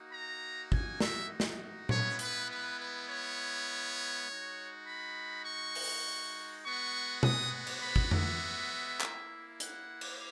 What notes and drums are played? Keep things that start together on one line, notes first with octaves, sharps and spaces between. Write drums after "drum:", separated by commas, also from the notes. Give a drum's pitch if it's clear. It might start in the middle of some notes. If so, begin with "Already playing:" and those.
Already playing: A#3 D#4 F#4
A#5
G#5, drum: kick
E5, drum: snare
drum: snare
G#3 B3 E4 C#5, drum: tom A#2
B4, drum: hi-hat
B4
B4
C#5
G#3 D#4 F#4
B5
C#6
drum: open hi-hat
G#3 B3 F#4 C#6
D#6, drum: tom B2
drum: cymbal
B5
drum: kick
E5, drum: tom F2
A#3 E4, drum: clap
F#5, drum: hi-hat
drum: cymbal